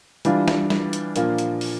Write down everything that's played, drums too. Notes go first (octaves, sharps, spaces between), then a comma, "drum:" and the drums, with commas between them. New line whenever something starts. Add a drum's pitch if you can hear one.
E3 G3 D4 F4, drum: hi-hat
drum: snare
drum: snare
drum: hi-hat
A#2 F3 A#3 D4 F4, drum: hi-hat
drum: hi-hat
drum: open hi-hat